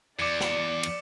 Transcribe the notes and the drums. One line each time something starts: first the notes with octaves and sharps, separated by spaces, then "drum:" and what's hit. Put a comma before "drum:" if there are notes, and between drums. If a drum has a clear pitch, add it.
E2 D5 D6 C#7
drum: snare
drum: cymbal